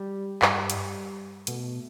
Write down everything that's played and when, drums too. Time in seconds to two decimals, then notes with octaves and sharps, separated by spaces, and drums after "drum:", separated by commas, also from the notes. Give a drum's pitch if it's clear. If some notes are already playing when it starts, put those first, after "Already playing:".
Already playing: G3
0.42 G2 G3, drum: clap
0.70 drum: hi-hat
1.47 B2 A3, drum: hi-hat